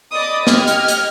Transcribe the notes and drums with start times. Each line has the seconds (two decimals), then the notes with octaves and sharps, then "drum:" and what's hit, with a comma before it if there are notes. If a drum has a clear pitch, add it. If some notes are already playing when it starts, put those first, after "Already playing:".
0.12 D5 D#5 B5 D6 D#6
0.47 G4 D#5 F6 G#6, drum: snare
0.67 drum: hi-hat
0.88 drum: hi-hat